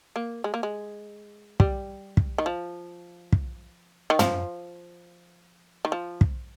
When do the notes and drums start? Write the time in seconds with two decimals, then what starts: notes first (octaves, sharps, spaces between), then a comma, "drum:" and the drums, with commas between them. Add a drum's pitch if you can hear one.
0.16 A#3
0.44 G#3
0.54 A#3
0.63 G#3
1.60 G3, drum: kick
2.17 drum: kick
2.38 D#3
2.46 F3
3.32 drum: kick
4.10 D#3
4.19 F3, drum: tom
5.85 D#3
5.92 F3
6.21 drum: kick